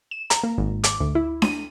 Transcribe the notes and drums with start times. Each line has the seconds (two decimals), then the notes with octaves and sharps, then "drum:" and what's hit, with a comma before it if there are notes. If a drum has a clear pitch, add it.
0.11 E7
0.30 A#5, drum: hi-hat
0.43 A#3
0.58 G#1
0.84 D6, drum: hi-hat
1.00 D2
1.15 E4
1.42 D#7, drum: snare D4